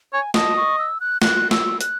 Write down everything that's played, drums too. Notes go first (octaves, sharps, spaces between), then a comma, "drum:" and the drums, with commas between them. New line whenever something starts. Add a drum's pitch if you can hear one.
C#5 G#5
D#5 A5, drum: snare
C#6
E6
F#6
F#6, drum: snare
E6, drum: snare
F#6, drum: hi-hat